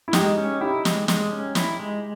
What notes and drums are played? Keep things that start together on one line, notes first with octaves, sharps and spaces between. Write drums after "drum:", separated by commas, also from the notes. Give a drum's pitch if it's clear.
E4
G#3 D#4 G4, drum: snare
C#4
D#4 E4 G4
G#3, drum: snare
G#3, drum: snare
C#4
E4, drum: snare
G#3